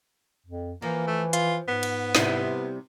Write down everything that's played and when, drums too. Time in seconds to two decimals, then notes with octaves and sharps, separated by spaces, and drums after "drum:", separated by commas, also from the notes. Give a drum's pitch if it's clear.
0.46 F2
0.82 E3 F3 A#3
1.07 A3
1.33 F4, drum: hi-hat
1.68 G#2 B3
1.83 drum: cymbal
2.15 C3 G3 E4, drum: snare